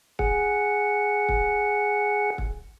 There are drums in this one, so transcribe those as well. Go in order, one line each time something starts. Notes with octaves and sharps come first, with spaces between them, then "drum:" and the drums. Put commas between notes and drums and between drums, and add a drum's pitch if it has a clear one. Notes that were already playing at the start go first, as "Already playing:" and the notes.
G#4 F#5, drum: kick
drum: kick
drum: kick